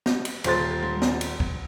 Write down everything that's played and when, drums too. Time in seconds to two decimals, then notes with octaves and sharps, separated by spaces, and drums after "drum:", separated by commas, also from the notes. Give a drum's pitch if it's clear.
0.06 drum: snare
0.25 drum: cymbal
0.44 D#1 C5 C6 A6, drum: cymbal
0.83 drum: tom G3
1.02 drum: snare
1.21 drum: cymbal
1.40 drum: kick